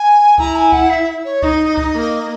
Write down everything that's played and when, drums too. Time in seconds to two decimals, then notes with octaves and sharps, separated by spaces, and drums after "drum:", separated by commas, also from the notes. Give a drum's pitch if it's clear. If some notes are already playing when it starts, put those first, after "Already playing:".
Already playing: G#5
0.38 E4 A#5, drum: kick
0.56 G#5
0.72 F#5, drum: kick
0.90 E5
1.25 C#5
1.43 D#4 D#5, drum: kick
1.78 drum: kick
1.94 A#3